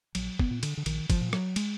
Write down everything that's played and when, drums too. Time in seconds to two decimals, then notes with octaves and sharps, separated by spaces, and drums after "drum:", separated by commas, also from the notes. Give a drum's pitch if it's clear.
0.15 A#1 F#3, drum: cymbal
0.39 B3, drum: kick
0.51 A#2
0.63 D3, drum: cymbal
0.77 D3
0.86 A#1 D#3, drum: cymbal
1.10 F3, drum: kick, cymbal
1.21 A#2
1.33 F#3, drum: rim click
1.56 G#3, drum: cymbal